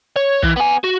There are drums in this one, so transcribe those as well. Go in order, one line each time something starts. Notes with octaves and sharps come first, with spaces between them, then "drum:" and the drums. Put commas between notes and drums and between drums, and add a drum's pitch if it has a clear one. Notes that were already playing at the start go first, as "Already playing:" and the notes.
C#5
E3, drum: kick
B3 G#5
F#4